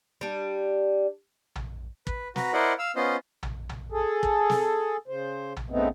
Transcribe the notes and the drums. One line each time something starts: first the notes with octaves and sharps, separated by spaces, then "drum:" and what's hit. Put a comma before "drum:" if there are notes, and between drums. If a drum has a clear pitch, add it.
G3 D4
drum: tom A#1
B4, drum: kick
F#4 B4 A#5, drum: snare
E4 A#4 C5 D5 D#5 F#5
F5 E6
B3 C#4 F4 C5 D#5
drum: tom A#1
drum: tom A#1
G#4 A4
drum: kick
drum: snare
C#3 C5
drum: tom A#1
C#3 A3 B3 C4 D#4